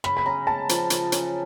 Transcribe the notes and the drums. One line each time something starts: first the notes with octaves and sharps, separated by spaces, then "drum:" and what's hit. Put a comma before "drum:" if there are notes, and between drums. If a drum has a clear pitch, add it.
C#3 B5, drum: rim click
B5
C#4 A#5
G#3 A5
F3, drum: hi-hat
C#3, drum: hi-hat
C#4, drum: hi-hat